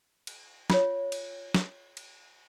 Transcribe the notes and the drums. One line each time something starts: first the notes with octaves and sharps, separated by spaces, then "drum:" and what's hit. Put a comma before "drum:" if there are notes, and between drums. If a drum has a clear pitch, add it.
drum: cymbal
F4 C#5, drum: snare
drum: cymbal
drum: snare
drum: cymbal